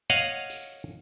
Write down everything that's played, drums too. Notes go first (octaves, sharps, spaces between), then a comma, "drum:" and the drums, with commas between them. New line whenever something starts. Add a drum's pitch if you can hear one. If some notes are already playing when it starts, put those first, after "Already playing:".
C#5 D#5 F5 F#5
drum: tambourine